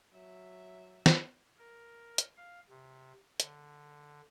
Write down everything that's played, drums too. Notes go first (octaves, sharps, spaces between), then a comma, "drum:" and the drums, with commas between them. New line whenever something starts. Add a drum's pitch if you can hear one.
F#3 E5
drum: snare
A#4
drum: hi-hat
F5
C3
D3, drum: hi-hat